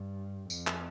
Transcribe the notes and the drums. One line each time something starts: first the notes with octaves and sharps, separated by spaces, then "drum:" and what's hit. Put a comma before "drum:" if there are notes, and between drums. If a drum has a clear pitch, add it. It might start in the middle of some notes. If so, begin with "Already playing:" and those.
Already playing: G2
F2, drum: tambourine
drum: clap